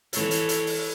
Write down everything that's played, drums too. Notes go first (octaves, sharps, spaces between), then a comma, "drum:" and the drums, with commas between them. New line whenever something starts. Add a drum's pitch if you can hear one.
E3 A4 C#5, drum: hi-hat
drum: hi-hat
drum: hi-hat
drum: open hi-hat